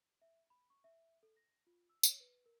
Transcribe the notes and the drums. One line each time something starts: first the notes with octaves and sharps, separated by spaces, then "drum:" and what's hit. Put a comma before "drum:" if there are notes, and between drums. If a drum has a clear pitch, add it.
E5
B5
C#6
E5
A4
A#6
F4
E6
C#5, drum: tambourine
B4
A#4